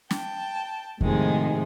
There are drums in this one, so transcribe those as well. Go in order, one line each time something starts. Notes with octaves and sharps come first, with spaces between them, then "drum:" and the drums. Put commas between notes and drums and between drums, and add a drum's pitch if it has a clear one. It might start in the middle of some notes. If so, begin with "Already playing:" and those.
G5 A5, drum: snare
A2 C3 D#3 F3 G#3 G#4, drum: kick E2